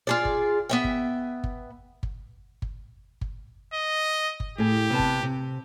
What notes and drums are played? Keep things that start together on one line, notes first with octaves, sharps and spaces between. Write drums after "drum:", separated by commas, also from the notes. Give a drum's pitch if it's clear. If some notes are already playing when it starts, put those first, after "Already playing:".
F4 G#4 D5
drum: kick G1
B3 E5 G5
drum: kick G1
drum: kick G1
drum: kick G1
drum: kick G1
drum: kick G1
D#5
drum: kick G1
A2 G4 G#4
C3 B3 A5
drum: kick G1
C3